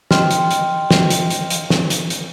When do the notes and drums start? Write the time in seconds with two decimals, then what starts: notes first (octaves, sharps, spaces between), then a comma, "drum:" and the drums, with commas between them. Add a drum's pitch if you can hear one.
0.11 D#5 G5 C6 F6, drum: snare
0.31 drum: hi-hat
0.51 drum: hi-hat
0.91 drum: snare
1.10 drum: hi-hat
1.30 drum: hi-hat
1.50 drum: hi-hat
1.70 drum: snare
1.90 drum: hi-hat
2.10 drum: hi-hat